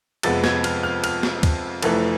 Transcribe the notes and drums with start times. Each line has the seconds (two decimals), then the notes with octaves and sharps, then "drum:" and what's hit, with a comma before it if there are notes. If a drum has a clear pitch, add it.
0.23 F2 C3 G#3 B3 A6, drum: cymbal
0.44 G#6, drum: snare
0.64 F6, drum: cymbal
0.83 F6
1.04 F6, drum: cymbal
1.23 drum: snare
1.43 drum: kick, cymbal
1.83 F1 F2 E3 A3, drum: cymbal